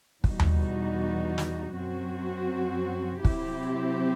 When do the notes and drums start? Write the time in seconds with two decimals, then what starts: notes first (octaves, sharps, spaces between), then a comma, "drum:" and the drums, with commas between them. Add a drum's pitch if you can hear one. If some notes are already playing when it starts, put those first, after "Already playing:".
0.24 E2 B2 G3 D#4 F#4, drum: kick
0.40 drum: tom D#2
1.38 drum: snare
1.73 F#2 F#3 C4 F#4
3.25 C3 F#3 C4 E4 G4, drum: kick